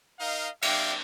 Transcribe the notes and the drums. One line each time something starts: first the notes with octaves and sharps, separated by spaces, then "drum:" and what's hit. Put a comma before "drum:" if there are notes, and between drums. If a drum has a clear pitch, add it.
D#4 A#4 D#5 F5
G4 D5 E5 F5 G5, drum: cymbal